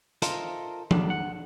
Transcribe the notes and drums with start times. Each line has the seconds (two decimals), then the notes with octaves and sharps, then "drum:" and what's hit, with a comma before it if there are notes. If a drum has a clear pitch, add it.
0.22 F4 A4 A#4 C5 D#5 E5, drum: hi-hat
0.91 F#3 G3 A#3 D4, drum: tom F3
1.10 F#5